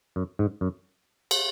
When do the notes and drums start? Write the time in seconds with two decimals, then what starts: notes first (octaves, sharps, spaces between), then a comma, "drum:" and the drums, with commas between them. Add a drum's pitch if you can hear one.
0.16 F#2
0.39 G#2
0.61 F#2
1.31 drum: cymbal